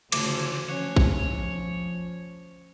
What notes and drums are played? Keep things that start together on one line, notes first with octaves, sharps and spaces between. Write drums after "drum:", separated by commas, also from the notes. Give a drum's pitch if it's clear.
D2 C#3 E3 F3 D6, drum: cymbal
F3 C#4 C#5 F#5
drum: kick A1